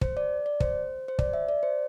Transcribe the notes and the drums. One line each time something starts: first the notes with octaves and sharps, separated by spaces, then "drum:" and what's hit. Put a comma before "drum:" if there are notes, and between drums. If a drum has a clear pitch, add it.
C5, drum: kick
D5
D5
C5, drum: kick
C5
D5, drum: kick
E5
D5
C5